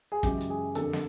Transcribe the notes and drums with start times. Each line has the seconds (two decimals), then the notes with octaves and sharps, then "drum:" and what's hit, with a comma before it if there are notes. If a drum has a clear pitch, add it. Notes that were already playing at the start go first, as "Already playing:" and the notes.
0.12 G#4
0.23 F#2 C#3 E3 G#3 G4, drum: kick, hi-hat
0.41 drum: hi-hat
0.50 G#4
0.75 F2 D3 G3 A#3 A4, drum: hi-hat
0.93 drum: snare